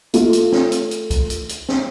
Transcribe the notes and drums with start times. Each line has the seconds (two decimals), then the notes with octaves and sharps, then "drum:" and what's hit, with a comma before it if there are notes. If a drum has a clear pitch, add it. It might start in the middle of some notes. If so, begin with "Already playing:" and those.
0.14 A3 F4, drum: hi-hat
0.33 drum: hi-hat
0.52 drum: snare
0.72 drum: hi-hat
0.91 drum: hi-hat
1.10 drum: kick, hi-hat
1.30 drum: hi-hat
1.49 drum: hi-hat
1.69 drum: snare